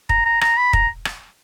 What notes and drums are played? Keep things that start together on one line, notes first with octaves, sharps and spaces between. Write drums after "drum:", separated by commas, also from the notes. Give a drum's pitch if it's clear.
A#5, drum: kick
A#5
A#5, drum: rim click
B5
A#5, drum: kick
drum: rim click